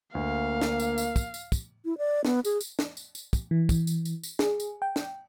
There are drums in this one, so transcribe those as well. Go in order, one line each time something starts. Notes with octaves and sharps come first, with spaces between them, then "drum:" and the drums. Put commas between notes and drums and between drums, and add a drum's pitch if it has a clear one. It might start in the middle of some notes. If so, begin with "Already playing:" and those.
D2 A#3 F5
drum: snare
drum: tambourine
drum: tambourine
drum: kick, tambourine
drum: tambourine
drum: kick, tambourine
E4
D5
B3, drum: snare
G#4, drum: tambourine
drum: tambourine
drum: snare
drum: tambourine
drum: tambourine
drum: kick, tambourine
E3
drum: kick, tambourine
drum: tambourine
drum: tambourine
drum: tambourine
G#4, drum: snare
drum: tambourine
G5
drum: snare